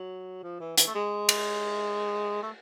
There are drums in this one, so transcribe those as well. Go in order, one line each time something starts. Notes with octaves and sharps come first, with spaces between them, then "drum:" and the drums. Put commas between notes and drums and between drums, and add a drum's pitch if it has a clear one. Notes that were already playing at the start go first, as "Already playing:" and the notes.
Already playing: F#3
F3
E3
E3, drum: hi-hat
A3
G#3
drum: cymbal
A3